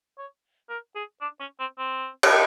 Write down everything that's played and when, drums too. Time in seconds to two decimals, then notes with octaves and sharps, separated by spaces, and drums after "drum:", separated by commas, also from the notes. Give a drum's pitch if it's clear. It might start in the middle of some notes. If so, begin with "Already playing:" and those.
0.19 C#5
0.70 A#4
0.96 G#4
1.21 D4
1.40 C#4
1.60 C4
1.79 C4
2.23 drum: cymbal